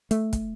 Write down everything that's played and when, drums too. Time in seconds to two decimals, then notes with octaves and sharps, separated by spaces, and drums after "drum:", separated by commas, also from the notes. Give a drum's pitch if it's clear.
0.11 A3, drum: hi-hat
0.33 drum: kick, hi-hat